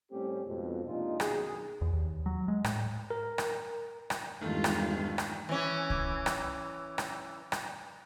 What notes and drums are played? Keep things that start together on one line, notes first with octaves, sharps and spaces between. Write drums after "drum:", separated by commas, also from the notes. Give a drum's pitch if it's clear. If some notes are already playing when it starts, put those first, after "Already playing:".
A2 G3 A3 C4 C#4 G4
F2 G#2 B2
C3 G#3 A#3 D4 D#4 F4
B1 F#2 B2 D#3 G#4, drum: rim click
E2
D#2
F#3
G#3
A2, drum: rim click
A#4
drum: rim click
drum: rim click
G#1 E2 G2 D#3 G#3 A3 F4
drum: rim click
drum: rim click
E3 C#4
drum: kick C2
drum: rim click
drum: rim click
drum: rim click